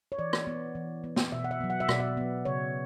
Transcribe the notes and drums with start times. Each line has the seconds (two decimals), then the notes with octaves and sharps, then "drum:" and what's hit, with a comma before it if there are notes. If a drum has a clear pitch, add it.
0.12 C#5
0.19 E3 D5
0.33 drum: rim click
0.47 B3
0.75 E3
1.04 B3
1.16 drum: snare
1.32 B2 E5
1.44 F#5
1.51 E5
1.61 F#3 B3
1.70 F#5
1.80 E5
1.89 B2 D5, drum: rim click
2.00 E5
2.17 F#3 B3
2.45 C#3 C#5